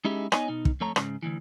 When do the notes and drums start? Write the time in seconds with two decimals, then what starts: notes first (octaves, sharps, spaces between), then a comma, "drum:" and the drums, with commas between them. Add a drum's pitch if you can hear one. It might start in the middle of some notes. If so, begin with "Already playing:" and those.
0.05 G#3 C#4 D#4 E4 G4 G#4
0.32 B3 D#4 C#5 D#5 G#5, drum: rim click
0.48 B2 D#4
0.65 drum: kick
0.80 F2 G#2 A3 A4 C#5 A#5
0.96 G#2 C#3, drum: rim click
1.22 D2 G#2 E3